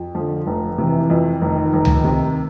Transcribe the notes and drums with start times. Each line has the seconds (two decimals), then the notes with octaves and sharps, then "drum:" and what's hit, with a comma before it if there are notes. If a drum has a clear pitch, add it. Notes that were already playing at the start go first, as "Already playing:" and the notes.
Already playing: F2
0.15 D3 F3
0.47 F1
0.78 C3 E3
1.10 F2
1.41 F1 D#3
1.73 F1
1.85 drum: tom C#2
2.04 C3